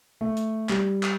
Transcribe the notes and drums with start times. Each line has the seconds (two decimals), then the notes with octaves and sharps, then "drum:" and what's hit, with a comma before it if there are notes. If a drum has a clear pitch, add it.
0.21 A3
0.37 drum: hi-hat
0.69 G3, drum: clap
1.03 drum: clap